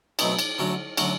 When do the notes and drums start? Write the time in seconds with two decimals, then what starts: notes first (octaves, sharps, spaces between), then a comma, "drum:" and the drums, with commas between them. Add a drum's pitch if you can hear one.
0.19 B2 F#3 A3 C4 D#4, drum: cymbal
0.39 drum: cymbal
0.58 D3 F#3 A3 C#4 F#4
0.97 D3 F#3 A3 C#4 F#4, drum: cymbal